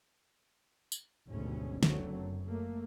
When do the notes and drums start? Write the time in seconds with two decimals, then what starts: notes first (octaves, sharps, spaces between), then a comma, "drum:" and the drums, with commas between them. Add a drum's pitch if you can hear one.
0.92 drum: tambourine
1.28 G#1 D2 G#2 B2 G3 C#4
1.83 F#1 D2 D3 F#3 A3 C4, drum: snare
2.12 F#2
2.47 A3 A#3